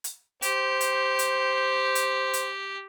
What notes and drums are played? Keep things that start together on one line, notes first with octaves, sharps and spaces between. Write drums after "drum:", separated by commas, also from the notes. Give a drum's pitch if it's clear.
drum: hi-hat
G4 C5, drum: hi-hat
drum: hi-hat
drum: hi-hat
drum: hi-hat
drum: hi-hat